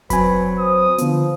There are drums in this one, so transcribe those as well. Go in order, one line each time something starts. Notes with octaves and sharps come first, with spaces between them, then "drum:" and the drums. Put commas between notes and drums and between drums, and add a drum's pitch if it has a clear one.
F#3 C4 B4 G#5 B5, drum: kick F1, hi-hat
C5 D#6
D3 F3 B3, drum: hi-hat